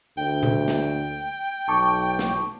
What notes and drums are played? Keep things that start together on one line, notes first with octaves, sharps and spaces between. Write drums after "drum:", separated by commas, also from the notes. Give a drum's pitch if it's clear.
D2 G5
drum: tom A#2
drum: snare
B1 A5 C#6 D6
drum: snare